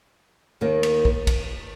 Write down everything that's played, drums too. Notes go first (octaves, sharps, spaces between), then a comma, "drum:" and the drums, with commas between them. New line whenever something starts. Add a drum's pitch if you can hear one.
D#2 D#3 A#3
drum: cymbal
drum: kick
drum: kick, cymbal